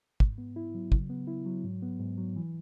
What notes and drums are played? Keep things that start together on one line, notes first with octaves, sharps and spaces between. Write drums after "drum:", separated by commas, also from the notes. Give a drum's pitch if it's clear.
G#2, drum: kick
B3
E4
F#3
C#3, drum: kick
B3
E4
F#3
G#2
B3
G#2
F#3
E3